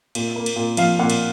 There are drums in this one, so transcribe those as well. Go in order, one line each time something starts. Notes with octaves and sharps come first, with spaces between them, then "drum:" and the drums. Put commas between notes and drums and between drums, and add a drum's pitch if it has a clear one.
A#2, drum: cymbal
A#3
drum: cymbal
A#2
F3 F5, drum: cymbal
A#2 F#5
drum: cymbal